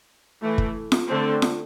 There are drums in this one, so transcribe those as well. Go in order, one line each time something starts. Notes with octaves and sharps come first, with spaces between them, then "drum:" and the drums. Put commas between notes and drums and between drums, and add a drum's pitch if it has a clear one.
E3 A3 E4
drum: kick
drum: snare F4
D3 A3 C4
drum: snare F4